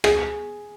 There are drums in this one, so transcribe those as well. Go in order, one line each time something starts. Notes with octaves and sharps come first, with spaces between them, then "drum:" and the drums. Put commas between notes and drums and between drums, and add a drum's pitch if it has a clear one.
G#4, drum: rim click